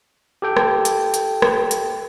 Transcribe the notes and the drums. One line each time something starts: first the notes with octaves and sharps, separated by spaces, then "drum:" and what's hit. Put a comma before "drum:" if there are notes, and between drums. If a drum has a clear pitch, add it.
G4 A4 G5
drum: rim click
drum: hi-hat
drum: hi-hat
drum: rim click
drum: hi-hat